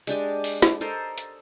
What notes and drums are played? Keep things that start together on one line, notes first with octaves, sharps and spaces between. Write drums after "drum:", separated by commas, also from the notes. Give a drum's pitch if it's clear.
G#3 D4 G4 D#5, drum: hi-hat
drum: open hi-hat
drum: snare
A4 A#4 C5 D#5
drum: hi-hat